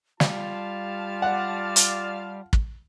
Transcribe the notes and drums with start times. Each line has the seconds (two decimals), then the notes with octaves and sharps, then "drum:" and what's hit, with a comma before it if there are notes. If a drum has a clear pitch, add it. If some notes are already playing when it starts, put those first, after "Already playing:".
0.20 G3 F4 F5 A5, drum: snare
1.22 D5 F#5
1.76 drum: hi-hat
2.53 drum: kick